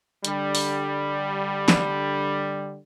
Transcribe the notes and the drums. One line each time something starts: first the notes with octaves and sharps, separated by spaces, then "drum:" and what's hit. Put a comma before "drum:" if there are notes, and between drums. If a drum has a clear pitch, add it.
D3 G3, drum: hi-hat
drum: open hi-hat
drum: snare